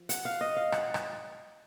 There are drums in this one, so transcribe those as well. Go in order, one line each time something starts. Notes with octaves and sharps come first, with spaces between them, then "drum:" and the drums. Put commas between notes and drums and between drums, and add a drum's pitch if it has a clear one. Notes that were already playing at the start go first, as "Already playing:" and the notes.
Already playing: F3
F#5, drum: hi-hat
F5
D#5
F5
F#5, drum: rim click
drum: rim click